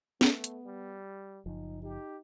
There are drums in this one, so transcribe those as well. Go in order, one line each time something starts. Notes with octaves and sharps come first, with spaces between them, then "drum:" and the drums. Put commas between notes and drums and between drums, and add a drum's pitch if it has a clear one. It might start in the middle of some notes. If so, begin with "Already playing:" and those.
A3 B3, drum: snare
drum: hi-hat
G3
F#1 F3 D#4
D#4 G4